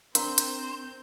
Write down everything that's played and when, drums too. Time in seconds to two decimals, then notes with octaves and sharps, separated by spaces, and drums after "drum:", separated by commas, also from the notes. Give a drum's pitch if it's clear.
0.15 C4 D4 A#4 C5 F5 A#5 G6, drum: hi-hat
0.38 drum: hi-hat